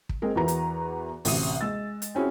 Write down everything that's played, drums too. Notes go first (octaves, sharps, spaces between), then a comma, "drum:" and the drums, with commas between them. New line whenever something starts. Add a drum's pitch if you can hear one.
drum: kick
G#3 C4 G#4 A#4
E2 E3 F#4 A#4 B4 A#5
drum: hi-hat
A1 D2 C3 E5 D#6 D#7, drum: open hi-hat
G#3 E6 A6
drum: hi-hat
C4 C#4 E4 F#4 G#4